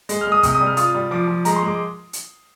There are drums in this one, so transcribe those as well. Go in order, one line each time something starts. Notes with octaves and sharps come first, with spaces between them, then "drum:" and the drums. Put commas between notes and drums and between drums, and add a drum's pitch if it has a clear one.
G#3, drum: hi-hat
F6
G#3
D#6
C3 D#6, drum: kick, hi-hat
D#6
G3
F6
F4 D#6, drum: hi-hat
G3
F3 D6
F3
G#3 A#5, drum: hi-hat
C6
G#3 D6
drum: hi-hat